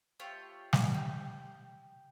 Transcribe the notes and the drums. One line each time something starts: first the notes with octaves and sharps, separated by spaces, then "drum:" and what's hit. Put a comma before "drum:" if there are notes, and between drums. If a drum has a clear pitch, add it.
A3 F4 G4 C#5
drum: snare
G4